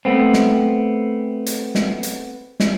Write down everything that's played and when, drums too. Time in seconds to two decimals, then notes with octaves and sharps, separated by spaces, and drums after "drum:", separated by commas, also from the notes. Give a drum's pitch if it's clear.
0.05 A3 B3 C4
0.33 drum: snare
1.46 drum: hi-hat
1.75 drum: snare
2.03 drum: hi-hat
2.60 drum: snare